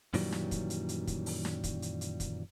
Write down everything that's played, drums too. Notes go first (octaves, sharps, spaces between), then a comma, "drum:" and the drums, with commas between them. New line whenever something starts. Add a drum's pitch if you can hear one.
F#2 A#2 D#3 E3 F#3 G3, drum: open hi-hat
drum: snare
drum: kick, hi-hat
drum: hi-hat
drum: hi-hat
drum: kick, hi-hat
drum: open hi-hat
drum: snare
drum: kick, hi-hat
drum: hi-hat
drum: hi-hat
drum: kick, hi-hat